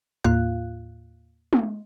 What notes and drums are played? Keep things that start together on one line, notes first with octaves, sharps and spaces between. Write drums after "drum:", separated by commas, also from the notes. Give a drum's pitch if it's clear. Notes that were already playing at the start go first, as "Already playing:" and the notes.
D#2 A2 A#3 F4 F5 F#6
drum: tom